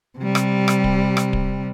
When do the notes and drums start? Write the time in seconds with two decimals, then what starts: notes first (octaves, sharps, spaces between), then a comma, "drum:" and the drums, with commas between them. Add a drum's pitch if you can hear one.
0.19 C3 G3
0.35 drum: rim click
0.68 drum: rim click
0.84 drum: kick D1
1.17 drum: rim click
1.33 drum: kick D1